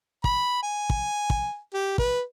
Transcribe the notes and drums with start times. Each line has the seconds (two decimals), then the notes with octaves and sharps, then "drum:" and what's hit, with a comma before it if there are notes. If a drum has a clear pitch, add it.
0.24 B5, drum: kick
0.63 G#5
0.90 drum: kick
1.30 drum: kick
1.74 G4
1.98 B4, drum: kick